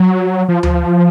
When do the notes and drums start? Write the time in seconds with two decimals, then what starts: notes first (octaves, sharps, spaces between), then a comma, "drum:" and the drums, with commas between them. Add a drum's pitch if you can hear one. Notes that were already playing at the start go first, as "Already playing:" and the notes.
Already playing: F#3
0.48 F3
0.63 F3, drum: tom D2